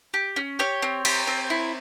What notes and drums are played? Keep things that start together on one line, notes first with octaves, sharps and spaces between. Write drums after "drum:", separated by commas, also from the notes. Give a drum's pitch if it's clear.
G4
C#4
G4 C#5
C4
G4, drum: cymbal
C4
E4